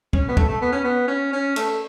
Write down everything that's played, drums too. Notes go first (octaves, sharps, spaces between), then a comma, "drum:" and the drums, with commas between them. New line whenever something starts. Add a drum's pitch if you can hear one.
C#4, drum: kick
B3
A3, drum: kick
A3
B3
C#4
B3
C#4
C#4
A3, drum: cymbal